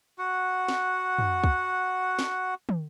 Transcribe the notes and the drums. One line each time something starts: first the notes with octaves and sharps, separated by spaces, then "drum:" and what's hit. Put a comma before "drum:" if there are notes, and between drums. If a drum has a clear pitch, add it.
F#4 F#5
drum: snare
drum: tom
drum: kick
drum: snare
drum: tom